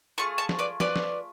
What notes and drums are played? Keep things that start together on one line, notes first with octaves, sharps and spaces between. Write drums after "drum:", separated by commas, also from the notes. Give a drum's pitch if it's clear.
A3 F4 G#4 A5 C#6
A5 C#6
drum: snare
B4 D5
B4 D5, drum: snare
drum: snare